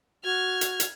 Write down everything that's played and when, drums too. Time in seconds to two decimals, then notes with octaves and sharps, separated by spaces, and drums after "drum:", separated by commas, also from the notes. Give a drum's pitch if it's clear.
0.24 F#4 F6 G#6
0.61 drum: hi-hat
0.80 drum: hi-hat